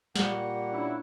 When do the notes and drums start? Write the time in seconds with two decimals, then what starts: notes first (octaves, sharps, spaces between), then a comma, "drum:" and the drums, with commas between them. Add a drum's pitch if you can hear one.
0.16 A#2 G3 A#3 C#5 F#5, drum: snare
0.71 C#4 D4 E4